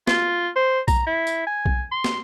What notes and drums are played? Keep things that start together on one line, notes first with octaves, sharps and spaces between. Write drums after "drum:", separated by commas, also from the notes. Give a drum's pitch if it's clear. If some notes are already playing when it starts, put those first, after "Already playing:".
F4, drum: snare
C5
A#5, drum: kick B1, tambourine
E4
drum: tambourine
G#5
drum: kick B1
C6
drum: snare